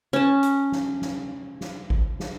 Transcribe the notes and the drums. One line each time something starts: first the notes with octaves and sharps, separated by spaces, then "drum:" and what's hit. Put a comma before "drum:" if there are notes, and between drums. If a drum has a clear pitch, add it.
C#4 A5
drum: hi-hat
drum: snare
drum: snare
drum: snare
drum: kick G#1
drum: snare